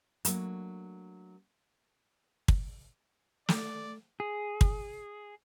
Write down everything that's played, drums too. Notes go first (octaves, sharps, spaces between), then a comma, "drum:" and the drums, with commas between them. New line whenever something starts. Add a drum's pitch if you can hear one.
F#3 A3 A#3 D4, drum: hi-hat
drum: kick
A3 D5, drum: snare
G#4
drum: kick